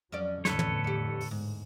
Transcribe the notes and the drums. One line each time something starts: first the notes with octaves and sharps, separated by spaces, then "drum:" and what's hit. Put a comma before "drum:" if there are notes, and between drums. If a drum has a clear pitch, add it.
F2 F#3 C#4 D5
E2 A2 D3 A4 B4 C#5, drum: snare
drum: tom
F2 G4
drum: open hi-hat
G#2